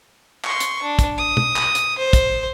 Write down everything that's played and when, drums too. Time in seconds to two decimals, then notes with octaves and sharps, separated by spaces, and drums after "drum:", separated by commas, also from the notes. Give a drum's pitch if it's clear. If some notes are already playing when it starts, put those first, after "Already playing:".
0.44 C6 C#6, drum: clap
0.60 drum: hi-hat
0.83 D4
0.99 drum: kick, hi-hat
1.18 D#6
1.37 drum: tom
1.56 drum: clap
1.75 drum: hi-hat
1.98 C5
2.13 drum: kick, hi-hat